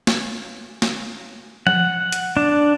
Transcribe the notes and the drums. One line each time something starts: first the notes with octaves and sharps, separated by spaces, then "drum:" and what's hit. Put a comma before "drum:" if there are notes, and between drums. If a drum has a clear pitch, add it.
drum: snare
drum: snare
F#5, drum: tom F3
drum: hi-hat
D4